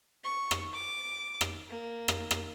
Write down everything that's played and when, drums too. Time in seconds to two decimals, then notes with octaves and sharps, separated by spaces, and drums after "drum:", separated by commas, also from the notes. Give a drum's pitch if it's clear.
0.24 C#6
0.51 drum: rim click
0.73 D6
1.41 drum: rim click
1.70 A#3
2.08 drum: rim click
2.31 drum: rim click